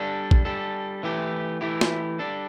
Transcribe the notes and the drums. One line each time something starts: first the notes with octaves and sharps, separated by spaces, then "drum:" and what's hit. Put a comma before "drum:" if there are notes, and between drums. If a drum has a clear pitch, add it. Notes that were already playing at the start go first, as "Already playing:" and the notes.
Already playing: G3 D4 A4
drum: kick A#1
G3 D4 A4
E3 A3 E4 G4
E3 A3 E4 G4
drum: snare
G3 D4 A4